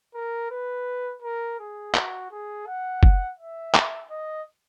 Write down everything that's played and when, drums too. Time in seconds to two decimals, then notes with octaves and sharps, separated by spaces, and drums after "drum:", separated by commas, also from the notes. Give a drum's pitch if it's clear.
0.15 A#4
0.51 B4
1.22 A#4
1.59 G#4
1.95 F#4, drum: clap
2.31 G#4
2.67 F#5
3.03 drum: kick
3.39 E5
3.75 drum: clap
4.10 D#5